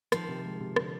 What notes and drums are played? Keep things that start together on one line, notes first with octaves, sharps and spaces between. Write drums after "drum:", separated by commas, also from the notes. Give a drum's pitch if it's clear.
D#3 F3, drum: rim click
C3
G#3
C3
D3, drum: rim click